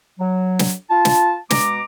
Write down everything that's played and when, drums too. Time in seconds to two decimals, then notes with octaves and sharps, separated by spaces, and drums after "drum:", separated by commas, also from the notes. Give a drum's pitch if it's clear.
0.19 F#3
0.59 drum: snare
0.90 F4 A5
1.05 drum: snare
1.50 B2 G#3 A#5 D6, drum: snare